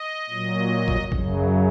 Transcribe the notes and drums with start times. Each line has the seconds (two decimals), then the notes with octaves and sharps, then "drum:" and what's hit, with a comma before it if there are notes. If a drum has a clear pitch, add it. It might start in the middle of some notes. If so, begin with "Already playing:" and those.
Already playing: D#5
0.29 A#2 F#3
0.88 drum: kick
1.12 F#2 C#3 F#3, drum: kick